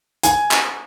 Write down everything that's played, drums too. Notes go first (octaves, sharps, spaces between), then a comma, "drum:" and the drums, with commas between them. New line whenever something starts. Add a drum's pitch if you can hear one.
G#5, drum: hi-hat
drum: clap